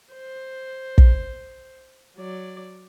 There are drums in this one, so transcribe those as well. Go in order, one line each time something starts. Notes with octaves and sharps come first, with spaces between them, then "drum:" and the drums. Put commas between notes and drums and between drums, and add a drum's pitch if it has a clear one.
C5
drum: kick
F#3 D5